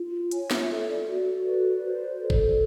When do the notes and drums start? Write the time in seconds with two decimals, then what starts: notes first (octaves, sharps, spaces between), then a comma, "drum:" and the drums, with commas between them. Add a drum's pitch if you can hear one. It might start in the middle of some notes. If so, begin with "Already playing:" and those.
Already playing: F4
0.31 C#5 G#5, drum: hi-hat
0.51 E5, drum: snare
0.69 A4
0.80 C#5
0.88 D5
1.06 F#4
1.44 B4
1.81 C5
2.19 A4
2.30 drum: kick G1